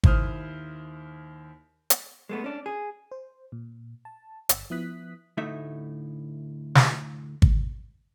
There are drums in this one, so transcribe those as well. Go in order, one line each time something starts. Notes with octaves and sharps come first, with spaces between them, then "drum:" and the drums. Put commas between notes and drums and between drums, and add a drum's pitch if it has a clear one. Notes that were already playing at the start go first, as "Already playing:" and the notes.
D#2 E4 C5 D#6 F6, drum: kick
drum: hi-hat
G#3 A3 B3
C#4 D4
G#4
C5
A#2
A5
G1 E6, drum: hi-hat
F3 B3 E4 D#6 F#6 B6
D2 A2 A3 D#4 E5
drum: snare
drum: kick